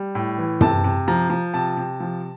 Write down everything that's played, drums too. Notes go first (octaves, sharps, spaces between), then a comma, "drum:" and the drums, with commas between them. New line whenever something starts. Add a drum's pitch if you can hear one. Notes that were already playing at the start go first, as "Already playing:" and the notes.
Already playing: G3
A2
E3
C3 A5, drum: tom
C3
F3 A#5
F3
C3 A5
C3
F3